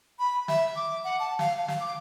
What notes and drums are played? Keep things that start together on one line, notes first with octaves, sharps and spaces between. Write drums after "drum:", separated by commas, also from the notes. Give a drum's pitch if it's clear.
B5
E5, drum: snare
D6
F#5
A5
F5, drum: snare
F5
drum: snare
D6